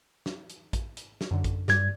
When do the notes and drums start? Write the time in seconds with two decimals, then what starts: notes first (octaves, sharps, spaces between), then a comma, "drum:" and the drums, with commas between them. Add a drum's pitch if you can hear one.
0.26 drum: snare
0.50 drum: hi-hat
0.73 drum: kick A1, hi-hat
0.97 drum: hi-hat
1.21 drum: snare
1.31 F#2 D3
1.44 drum: kick A1, hi-hat
1.68 G2 D5 G#6, drum: snare